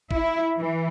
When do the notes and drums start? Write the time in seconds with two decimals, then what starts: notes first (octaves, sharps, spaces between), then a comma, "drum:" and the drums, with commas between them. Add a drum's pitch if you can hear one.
0.11 E4, drum: kick
0.58 E3